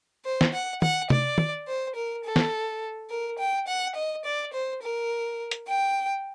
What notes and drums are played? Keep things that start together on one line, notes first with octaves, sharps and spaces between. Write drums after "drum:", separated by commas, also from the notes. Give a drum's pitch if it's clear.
C5
drum: snare
F#5
F#5, drum: tom
D5, drum: tom C3
drum: tom
C5
A#4
A4
drum: snare
A#4
G5
F#5
D#5
D5
C5
A#4
drum: hi-hat
G5